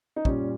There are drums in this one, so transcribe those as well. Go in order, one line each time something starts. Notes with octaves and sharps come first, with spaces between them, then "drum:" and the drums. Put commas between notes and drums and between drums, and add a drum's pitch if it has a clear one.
D#4
A#2 G3 C#4, drum: kick